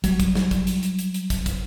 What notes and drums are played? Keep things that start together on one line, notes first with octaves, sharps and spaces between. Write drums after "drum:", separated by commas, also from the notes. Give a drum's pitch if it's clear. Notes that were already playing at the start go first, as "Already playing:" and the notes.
F#3 G3, drum: kick, hi-hat
drum: kick, hi-hat
drum: snare
drum: kick, hi-hat
drum: hi-hat
drum: hi-hat
drum: hi-hat
drum: hi-hat
drum: kick, hi-hat
drum: kick, hi-hat